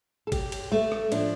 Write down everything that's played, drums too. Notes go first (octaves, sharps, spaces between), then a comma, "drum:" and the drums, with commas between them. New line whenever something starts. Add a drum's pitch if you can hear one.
A4
G4, drum: kick G#1, cymbal
drum: cymbal
A3
drum: rim click
A2 F3 D4, drum: cymbal